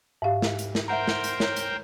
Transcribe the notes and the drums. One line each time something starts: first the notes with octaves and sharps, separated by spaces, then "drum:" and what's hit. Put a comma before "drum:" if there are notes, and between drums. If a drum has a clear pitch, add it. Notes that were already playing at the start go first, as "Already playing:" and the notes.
G#2 G4 E5 F5
drum: snare
drum: hi-hat
drum: snare
A#4 C5 E5 F#5 G5 A#5
drum: snare
drum: hi-hat
C#5, drum: snare
drum: hi-hat